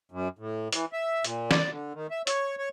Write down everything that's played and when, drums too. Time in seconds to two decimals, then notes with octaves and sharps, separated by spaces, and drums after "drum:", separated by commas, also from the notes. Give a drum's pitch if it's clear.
0.12 F#2
0.39 A2
0.73 E3, drum: hi-hat
0.93 E5
1.24 A#2, drum: hi-hat
1.51 D5, drum: snare
1.71 D3
1.94 D#3
2.11 E5
2.27 C#5, drum: hi-hat
2.58 C#5